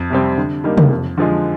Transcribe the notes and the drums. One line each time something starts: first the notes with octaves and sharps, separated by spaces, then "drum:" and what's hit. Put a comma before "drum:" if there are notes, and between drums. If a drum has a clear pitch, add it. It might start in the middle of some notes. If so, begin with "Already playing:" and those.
Already playing: F2
C3 G3 C4
D3
G3 A#3 D#4
drum: tom C3
F2
D3 F3 G#3